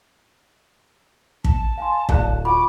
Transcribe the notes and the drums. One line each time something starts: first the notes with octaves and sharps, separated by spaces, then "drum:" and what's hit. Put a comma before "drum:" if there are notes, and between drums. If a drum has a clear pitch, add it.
A5, drum: kick
F5 G#5 C6
D1 D5 F5 F#6, drum: kick
F4 F#5 B5 C#6 D6